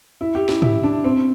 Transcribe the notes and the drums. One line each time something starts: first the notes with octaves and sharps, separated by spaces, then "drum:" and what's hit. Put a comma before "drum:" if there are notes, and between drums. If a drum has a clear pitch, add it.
E4
G4
E4, drum: snare
E4, drum: tom G#2
D4
C4